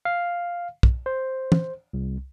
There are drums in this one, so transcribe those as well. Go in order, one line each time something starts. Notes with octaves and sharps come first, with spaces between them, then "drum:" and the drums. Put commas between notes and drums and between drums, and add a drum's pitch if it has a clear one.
F5
drum: kick
C5
drum: tom
C2